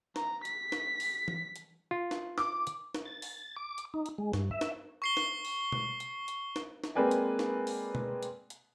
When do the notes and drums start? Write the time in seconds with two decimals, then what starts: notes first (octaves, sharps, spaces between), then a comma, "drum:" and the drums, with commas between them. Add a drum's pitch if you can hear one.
0.16 A#5, drum: snare
0.45 B6, drum: hi-hat
0.72 drum: snare
1.00 drum: open hi-hat
1.28 drum: tom E3
1.56 drum: hi-hat
1.91 F4
2.11 drum: snare
2.38 D6, drum: snare
2.67 drum: hi-hat
2.95 drum: snare
3.05 A6
3.22 drum: open hi-hat
3.56 D6
3.78 drum: hi-hat
3.94 D#4
4.06 drum: hi-hat
4.18 G#3
4.33 G2, drum: snare
4.51 E5
4.61 drum: snare
5.02 C#6 C7 G7
5.17 drum: snare
5.45 drum: open hi-hat
5.72 drum: tom B2
6.00 drum: hi-hat
6.28 drum: hi-hat
6.56 drum: snare
6.84 drum: snare
6.95 G#3 A#3 C4 B4 D5 G#5
7.11 drum: hi-hat
7.39 drum: snare
7.67 drum: open hi-hat
7.95 drum: tom B2
8.23 drum: hi-hat
8.50 drum: hi-hat